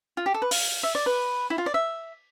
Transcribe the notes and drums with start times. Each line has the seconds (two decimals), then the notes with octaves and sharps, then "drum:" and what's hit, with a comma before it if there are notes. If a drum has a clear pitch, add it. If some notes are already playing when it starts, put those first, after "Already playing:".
0.17 F4
0.26 G4
0.34 A4
0.42 B4
0.51 F5, drum: open hi-hat
0.83 E5
0.95 D5
1.06 B4
1.50 E4
1.58 F4
1.66 D5
1.74 E5